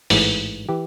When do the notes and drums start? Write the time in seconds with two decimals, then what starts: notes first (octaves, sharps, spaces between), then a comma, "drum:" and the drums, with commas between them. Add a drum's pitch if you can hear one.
0.10 A1 G#2 E3, drum: open hi-hat
0.69 E3 G4